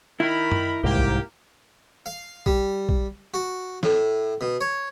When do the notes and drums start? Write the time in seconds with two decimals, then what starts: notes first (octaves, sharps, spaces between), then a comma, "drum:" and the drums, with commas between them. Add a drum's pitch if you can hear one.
0.20 D#3 E4 A#4 B5
0.52 drum: tom F#2
0.84 C2 G#2 A#3 G4
0.96 drum: kick A#1
2.06 F5
2.46 G3, drum: kick A#1
2.89 drum: kick A#1
3.34 F#4
3.83 A2, drum: snare
4.41 B2
4.61 C#5